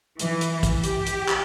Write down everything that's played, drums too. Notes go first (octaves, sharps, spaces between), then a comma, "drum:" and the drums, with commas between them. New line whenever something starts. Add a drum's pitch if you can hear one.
E3, drum: hi-hat
drum: hi-hat
drum: kick, hi-hat
G4, drum: hi-hat
drum: hi-hat
drum: clap